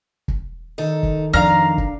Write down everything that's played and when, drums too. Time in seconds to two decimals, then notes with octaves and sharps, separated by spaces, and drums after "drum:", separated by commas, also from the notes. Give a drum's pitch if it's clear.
0.28 drum: kick
0.78 D#3 D#4 A4
1.03 drum: kick
1.33 F2 D4 F5 A#5 F6
1.78 drum: kick